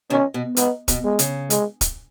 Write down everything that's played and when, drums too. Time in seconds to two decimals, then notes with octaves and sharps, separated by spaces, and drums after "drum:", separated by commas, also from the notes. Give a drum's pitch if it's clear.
0.10 B2 D#3 C#4
0.34 B2
0.57 G#2 B3, drum: hi-hat
0.88 B2, drum: kick, hi-hat
1.04 G#3
1.19 C#3, drum: hi-hat
1.50 G#3, drum: hi-hat
1.81 drum: kick, hi-hat